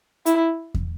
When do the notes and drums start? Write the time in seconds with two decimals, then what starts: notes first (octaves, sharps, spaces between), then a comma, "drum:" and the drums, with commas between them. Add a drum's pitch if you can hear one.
0.26 E4, drum: hi-hat
0.74 drum: kick E2